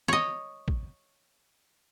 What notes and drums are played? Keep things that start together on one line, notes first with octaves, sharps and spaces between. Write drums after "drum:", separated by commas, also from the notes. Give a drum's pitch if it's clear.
C#5 D#5, drum: snare
drum: kick A1